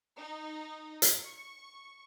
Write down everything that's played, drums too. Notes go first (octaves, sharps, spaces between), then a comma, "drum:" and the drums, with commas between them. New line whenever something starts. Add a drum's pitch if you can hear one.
D#4
drum: hi-hat
C#6